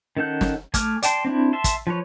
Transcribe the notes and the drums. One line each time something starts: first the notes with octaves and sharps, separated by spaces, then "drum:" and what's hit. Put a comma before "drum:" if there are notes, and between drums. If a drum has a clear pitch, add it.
D#3 C#4 A4 F#5 G6
drum: snare
A3 G#5 D6 F6, drum: kick, hi-hat
D5 G5 A5 C6, drum: hi-hat
C4 D4 E4
E5 A5 C6
drum: kick, hi-hat
F3 B4 C#5